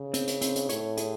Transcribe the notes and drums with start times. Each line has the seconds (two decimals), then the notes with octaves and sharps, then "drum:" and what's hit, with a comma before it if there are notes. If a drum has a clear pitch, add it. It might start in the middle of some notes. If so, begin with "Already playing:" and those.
Already playing: C#3
0.14 C4, drum: hi-hat
0.27 drum: hi-hat
0.41 C4, drum: hi-hat
0.55 drum: hi-hat
0.69 A2 C#5, drum: hi-hat
0.97 G#4, drum: hi-hat